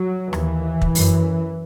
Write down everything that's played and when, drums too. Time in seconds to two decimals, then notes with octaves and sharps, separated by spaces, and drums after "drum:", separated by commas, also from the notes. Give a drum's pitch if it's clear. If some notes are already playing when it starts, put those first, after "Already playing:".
Already playing: F#3
0.33 D#2 E3, drum: rim click
0.82 drum: kick
0.95 F#2, drum: open hi-hat